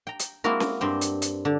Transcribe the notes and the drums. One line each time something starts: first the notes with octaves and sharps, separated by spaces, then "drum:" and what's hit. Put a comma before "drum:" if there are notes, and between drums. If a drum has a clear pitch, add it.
G5 A#5
drum: hi-hat
G#3 A#3 C4 E4 F#4 A#4
drum: snare C#4
G2 C4 C5 G5
drum: hi-hat
drum: hi-hat
D3